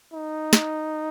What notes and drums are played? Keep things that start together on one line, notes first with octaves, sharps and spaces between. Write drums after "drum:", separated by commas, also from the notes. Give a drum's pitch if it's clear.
D#4
drum: snare